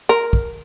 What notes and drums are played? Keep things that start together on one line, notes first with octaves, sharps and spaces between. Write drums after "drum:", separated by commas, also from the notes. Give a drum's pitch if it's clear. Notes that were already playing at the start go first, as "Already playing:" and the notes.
A#4
drum: kick